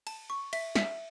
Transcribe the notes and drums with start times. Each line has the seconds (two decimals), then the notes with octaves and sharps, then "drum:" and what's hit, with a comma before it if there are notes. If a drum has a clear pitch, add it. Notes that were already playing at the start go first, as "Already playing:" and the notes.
0.07 A5, drum: cymbal
0.30 C#6
0.53 E5, drum: cymbal
0.75 E5, drum: snare